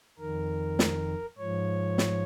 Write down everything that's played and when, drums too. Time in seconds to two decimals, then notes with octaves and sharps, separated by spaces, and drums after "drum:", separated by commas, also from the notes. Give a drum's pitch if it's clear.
0.19 F2 D#3 A#4
0.79 drum: snare
1.38 G#2 F3 C#5
1.98 drum: snare